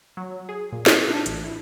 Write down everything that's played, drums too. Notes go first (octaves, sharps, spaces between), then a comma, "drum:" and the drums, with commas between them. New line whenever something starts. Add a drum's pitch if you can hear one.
F#3
G#4
A#2
C7, drum: snare
D4
A1, drum: hi-hat
E4